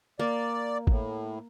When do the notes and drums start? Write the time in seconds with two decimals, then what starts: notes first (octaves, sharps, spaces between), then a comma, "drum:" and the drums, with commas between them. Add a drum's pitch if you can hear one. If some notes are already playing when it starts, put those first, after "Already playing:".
0.19 A#3 D5
0.87 A2, drum: kick G#1